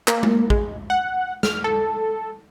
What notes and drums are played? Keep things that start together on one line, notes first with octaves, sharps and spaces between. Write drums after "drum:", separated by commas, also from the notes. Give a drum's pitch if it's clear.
A#3, drum: clap
drum: tom G#3
G#3, drum: kick
F#5
F6, drum: snare
A4